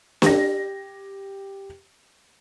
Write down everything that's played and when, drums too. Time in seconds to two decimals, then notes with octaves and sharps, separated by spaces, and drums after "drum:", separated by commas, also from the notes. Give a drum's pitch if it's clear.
0.22 G4 A#6, drum: snare